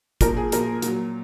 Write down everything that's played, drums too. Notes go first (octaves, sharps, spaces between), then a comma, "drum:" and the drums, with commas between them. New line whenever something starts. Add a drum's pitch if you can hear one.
A#2 F3 A#4, drum: kick, hi-hat
G#4
A#2 F3 A#4, drum: hi-hat
A#2 F#3, drum: hi-hat